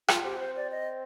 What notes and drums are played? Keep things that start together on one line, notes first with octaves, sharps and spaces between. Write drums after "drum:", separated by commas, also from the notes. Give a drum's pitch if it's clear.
F4, drum: rim click
C4 G4
C5
D5
D#5